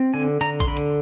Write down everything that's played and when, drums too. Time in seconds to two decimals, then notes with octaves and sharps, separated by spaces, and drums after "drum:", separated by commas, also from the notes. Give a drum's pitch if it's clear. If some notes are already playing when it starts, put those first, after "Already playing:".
Already playing: C4
0.14 D3 G#5
0.41 D3 A#5, drum: hi-hat
0.60 C6, drum: kick A#1, hi-hat
0.67 D3 B5
0.77 drum: hi-hat